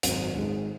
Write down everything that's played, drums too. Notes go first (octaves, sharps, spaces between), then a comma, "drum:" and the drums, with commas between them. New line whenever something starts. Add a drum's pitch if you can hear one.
G#1 F#2 F#3, drum: hi-hat
G#1 G#2 G#3